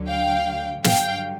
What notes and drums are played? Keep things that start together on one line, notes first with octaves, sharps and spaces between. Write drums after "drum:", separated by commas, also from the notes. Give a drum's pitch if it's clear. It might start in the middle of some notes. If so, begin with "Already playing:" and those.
Already playing: D2 D3 F#3
F5 G5
G2 D3 F#3 F5 G5, drum: snare